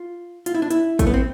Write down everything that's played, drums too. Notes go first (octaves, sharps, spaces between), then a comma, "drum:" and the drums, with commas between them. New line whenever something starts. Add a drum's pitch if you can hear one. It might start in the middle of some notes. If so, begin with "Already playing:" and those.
Already playing: F4
F4, drum: hi-hat
E4
D4
E4, drum: hi-hat
A3, drum: kick A1, hi-hat
B3
C4